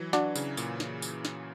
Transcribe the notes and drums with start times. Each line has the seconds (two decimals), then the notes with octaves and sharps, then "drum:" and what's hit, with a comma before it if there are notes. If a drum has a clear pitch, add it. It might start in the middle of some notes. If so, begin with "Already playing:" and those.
Already playing: E3 F#3
0.13 D4 F#4, drum: snare
0.35 C#3, drum: tambourine
0.57 A#2, drum: tambourine
0.80 drum: snare
1.02 drum: tambourine
1.25 drum: snare